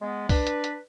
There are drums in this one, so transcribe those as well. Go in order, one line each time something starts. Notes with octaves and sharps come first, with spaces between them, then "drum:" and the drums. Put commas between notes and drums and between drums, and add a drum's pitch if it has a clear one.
G#3 B3
D4 B4, drum: kick, open hi-hat
drum: hi-hat
drum: hi-hat